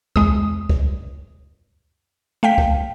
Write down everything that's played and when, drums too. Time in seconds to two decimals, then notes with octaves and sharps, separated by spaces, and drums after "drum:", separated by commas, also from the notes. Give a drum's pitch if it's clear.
0.16 E2 G#3 D#6, drum: kick C#2
0.69 drum: kick C#2
2.43 A3 F5 G5 B6
2.58 drum: kick C#2